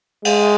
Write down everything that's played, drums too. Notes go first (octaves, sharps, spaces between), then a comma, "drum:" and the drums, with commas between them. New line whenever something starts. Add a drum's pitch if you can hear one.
G#3, drum: cymbal